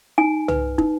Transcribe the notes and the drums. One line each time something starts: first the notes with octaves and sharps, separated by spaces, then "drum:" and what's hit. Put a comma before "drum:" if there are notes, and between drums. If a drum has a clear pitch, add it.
D#4 G#5
B4, drum: tom
D#4, drum: kick